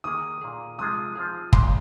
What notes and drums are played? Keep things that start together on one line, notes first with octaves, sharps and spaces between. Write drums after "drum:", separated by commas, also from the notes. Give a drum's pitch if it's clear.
D#3 A#3 G#4 D#6
A#2 A#3 G#4
C3 F3 G#3 F4 G#4 D#6
F3 C4 F4 G#4
A#2 G#3 D#4 G#4 C6, drum: kick